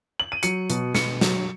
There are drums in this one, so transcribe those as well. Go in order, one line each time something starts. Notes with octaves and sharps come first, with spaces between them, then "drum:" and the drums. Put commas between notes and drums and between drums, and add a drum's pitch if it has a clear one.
F#7
D#7
F#3 C#7, drum: hi-hat
B2, drum: hi-hat
B2 C#7, drum: snare
F#3, drum: snare